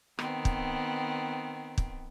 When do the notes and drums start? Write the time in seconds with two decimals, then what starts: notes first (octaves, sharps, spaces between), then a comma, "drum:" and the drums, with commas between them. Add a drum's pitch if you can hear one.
0.19 D#3 B3 C4, drum: rim click
0.45 drum: kick
1.78 drum: kick